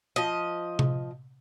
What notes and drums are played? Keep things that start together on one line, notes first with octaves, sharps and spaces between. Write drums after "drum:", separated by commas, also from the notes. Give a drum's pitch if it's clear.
F3 D#5
drum: tom C3